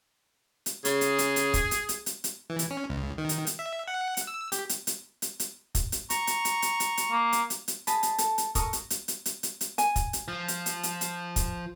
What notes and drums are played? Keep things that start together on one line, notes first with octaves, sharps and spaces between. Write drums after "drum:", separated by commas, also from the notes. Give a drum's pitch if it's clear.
drum: hi-hat
C#3 G#4, drum: hi-hat
drum: hi-hat
drum: hi-hat
drum: hi-hat
drum: kick, hi-hat
drum: hi-hat
drum: hi-hat
drum: hi-hat
drum: hi-hat
E3
drum: hi-hat
C#4
C#2
D#3
drum: hi-hat
drum: hi-hat
E5
F#5
drum: hi-hat
E6
G4, drum: hi-hat
drum: hi-hat
drum: hi-hat
drum: hi-hat
drum: hi-hat
drum: kick, hi-hat
drum: hi-hat
A#5 C#6, drum: hi-hat
drum: hi-hat
drum: hi-hat
drum: hi-hat
drum: hi-hat
drum: hi-hat
A#3
drum: hi-hat
drum: hi-hat
drum: hi-hat
G#4 D#5 A5 B5, drum: hi-hat
drum: hi-hat
A4 A5, drum: hi-hat
drum: hi-hat
A4 A#4 C#6 D#6, drum: kick, hi-hat
drum: hi-hat
drum: hi-hat
drum: hi-hat
drum: hi-hat
drum: hi-hat
drum: hi-hat
G#5, drum: hi-hat
drum: kick, hi-hat
drum: hi-hat
F3
drum: hi-hat
drum: hi-hat
drum: hi-hat
drum: hi-hat
drum: kick, hi-hat